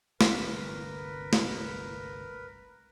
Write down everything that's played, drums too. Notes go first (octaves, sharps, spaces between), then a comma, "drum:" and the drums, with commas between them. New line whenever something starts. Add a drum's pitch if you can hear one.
G1 C2 D3 A#4 B4, drum: snare
drum: snare